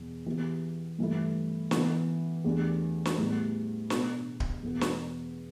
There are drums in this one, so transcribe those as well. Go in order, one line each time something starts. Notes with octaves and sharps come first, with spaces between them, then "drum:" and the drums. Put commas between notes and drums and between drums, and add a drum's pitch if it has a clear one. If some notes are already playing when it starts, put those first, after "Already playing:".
Already playing: E2 B2 B3
E3 B3 G4
G2 E3 A3 E4
E3 B3 E4, drum: snare
E2 E3 A3 D4 G4
drum: snare
A2 G3 B3 E4
B2 B3 D4, drum: snare
drum: kick D1
E2 B2 B3
drum: snare